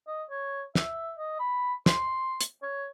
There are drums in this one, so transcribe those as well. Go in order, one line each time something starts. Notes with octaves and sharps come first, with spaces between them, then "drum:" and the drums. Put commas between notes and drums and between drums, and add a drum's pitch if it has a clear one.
D#5
C#5
E5, drum: snare
D#5
B5
C6, drum: snare
drum: hi-hat
C#5